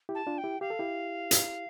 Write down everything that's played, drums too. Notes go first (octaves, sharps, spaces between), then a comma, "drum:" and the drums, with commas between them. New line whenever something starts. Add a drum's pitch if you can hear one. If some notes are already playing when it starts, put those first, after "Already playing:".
E4 G4
A5
D4 F4
G5
E4 G4
G4 F5
A4
E4 G4
drum: hi-hat